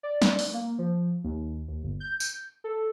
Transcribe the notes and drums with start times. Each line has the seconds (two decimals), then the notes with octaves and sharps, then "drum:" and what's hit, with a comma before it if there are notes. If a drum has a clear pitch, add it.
0.03 D5
0.22 drum: snare
0.39 drum: open hi-hat
0.54 A#3
0.79 F3
1.24 D#2
1.68 D#2
1.83 G1
2.00 G6
2.20 drum: tambourine
2.64 A4